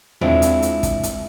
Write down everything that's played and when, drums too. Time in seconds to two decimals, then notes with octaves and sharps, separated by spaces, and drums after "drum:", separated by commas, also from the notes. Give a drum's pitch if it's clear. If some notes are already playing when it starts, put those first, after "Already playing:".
0.21 G#3 C4 D4 E4 F4, drum: tom D#2
0.42 drum: hi-hat
0.62 drum: hi-hat
0.83 drum: kick, hi-hat
1.03 drum: hi-hat